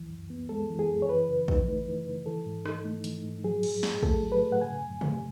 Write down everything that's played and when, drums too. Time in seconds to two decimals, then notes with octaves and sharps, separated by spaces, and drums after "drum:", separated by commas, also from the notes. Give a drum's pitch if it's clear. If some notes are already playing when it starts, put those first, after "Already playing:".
Already playing: C#2 E3
0.10 F#2
0.30 B3
0.49 G#3 A4
0.70 E3
0.79 G#4
0.88 F#2
1.02 C#5
1.09 E3 B4
1.28 C#3
1.48 D#4, drum: kick
1.68 A3
1.87 E3
2.07 C#3
2.26 E3 A4
2.46 G#2
2.66 D#4, drum: rim click
2.85 A3
3.04 E3, drum: hi-hat
3.24 G#2
3.44 F#3 G#4
3.63 A2, drum: cymbal
3.83 A2, drum: snare
4.03 A3 A4, drum: kick
4.22 F#3
4.32 B4
4.42 A2
4.52 F#5
4.61 C#3 G#5
4.81 F#2
5.01 A3, drum: tom C3